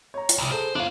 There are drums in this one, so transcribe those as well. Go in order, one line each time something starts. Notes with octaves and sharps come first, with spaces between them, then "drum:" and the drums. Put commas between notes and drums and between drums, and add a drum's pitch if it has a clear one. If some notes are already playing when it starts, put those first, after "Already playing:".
C#5 A#5
drum: hi-hat
C2
G#4 A4 C5
G1 D4 F5